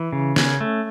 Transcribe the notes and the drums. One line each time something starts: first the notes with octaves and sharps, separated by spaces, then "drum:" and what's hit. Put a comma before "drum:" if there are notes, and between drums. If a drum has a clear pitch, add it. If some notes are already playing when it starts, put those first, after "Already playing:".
Already playing: E3
C#3
C#4, drum: snare
A3